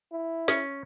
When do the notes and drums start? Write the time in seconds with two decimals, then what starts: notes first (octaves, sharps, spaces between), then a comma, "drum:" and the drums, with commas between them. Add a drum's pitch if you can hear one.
0.12 E4
0.48 C#4, drum: snare